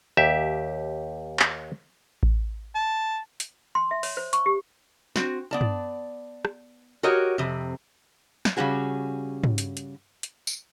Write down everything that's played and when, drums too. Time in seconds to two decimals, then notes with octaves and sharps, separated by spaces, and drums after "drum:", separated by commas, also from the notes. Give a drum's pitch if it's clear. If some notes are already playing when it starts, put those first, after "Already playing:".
0.17 D#2 G4 E5
1.39 drum: clap
2.23 drum: kick A1
2.75 A5
3.40 drum: hi-hat
3.75 C6
3.91 E5
4.03 C#5, drum: open hi-hat
4.17 C5
4.33 C#6, drum: hi-hat
4.46 G4
5.16 C4 F#4, drum: snare
5.51 B3 D5 A5
5.61 drum: tom
6.45 drum: rim click
7.03 F#4 G4 A#4 C#5 D#5
7.38 F2 C3
8.45 drum: snare
8.57 C#3 G3 C#4 F#4 G#4
9.44 drum: tom
9.58 drum: hi-hat
9.77 drum: hi-hat
10.23 drum: hi-hat
10.47 drum: tambourine